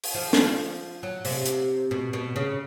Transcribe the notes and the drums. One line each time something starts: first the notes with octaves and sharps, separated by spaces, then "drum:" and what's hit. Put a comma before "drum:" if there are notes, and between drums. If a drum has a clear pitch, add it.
drum: open hi-hat
F3
drum: snare
F#3
C3, drum: open hi-hat
drum: hi-hat
B2
B2
C#3